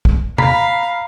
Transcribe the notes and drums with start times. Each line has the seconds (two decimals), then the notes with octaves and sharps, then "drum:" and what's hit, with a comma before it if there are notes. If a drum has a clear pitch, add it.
0.05 drum: kick
0.38 F5 A#5 B5 B6, drum: tom C3